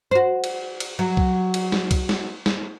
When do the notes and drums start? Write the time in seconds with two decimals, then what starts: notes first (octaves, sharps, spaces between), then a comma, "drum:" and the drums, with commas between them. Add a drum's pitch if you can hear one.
0.11 F#4 C5
0.44 drum: cymbal
0.80 drum: cymbal
0.99 F#3
1.17 drum: kick C2
1.54 drum: cymbal
1.72 drum: snare
1.91 drum: kick C2, cymbal
2.09 drum: snare
2.46 drum: snare